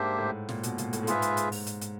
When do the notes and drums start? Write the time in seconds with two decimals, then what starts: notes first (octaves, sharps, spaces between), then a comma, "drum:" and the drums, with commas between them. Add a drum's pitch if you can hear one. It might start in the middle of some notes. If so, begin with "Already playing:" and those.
Already playing: G#2 A#3 D4 G4 C5 E5
0.18 A2
0.49 A#2, drum: snare
0.64 B2, drum: hi-hat
0.78 A#2, drum: hi-hat
0.93 A2, drum: hi-hat
1.03 A2
1.07 G#2 F4 G#4 B4 E5, drum: hi-hat
1.22 drum: hi-hat
1.37 drum: hi-hat
1.52 drum: open hi-hat
1.67 drum: hi-hat
1.81 drum: hi-hat